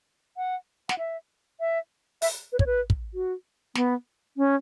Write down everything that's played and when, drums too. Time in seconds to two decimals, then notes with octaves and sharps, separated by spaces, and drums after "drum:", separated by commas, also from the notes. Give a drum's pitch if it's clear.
0.37 F#5
0.89 F#5, drum: snare
0.98 E5
1.60 E5
2.22 E5, drum: open hi-hat
2.52 B4
2.59 C#5, drum: kick
2.66 B4
2.90 drum: kick
3.14 F#4
3.75 B3, drum: snare
4.37 C#4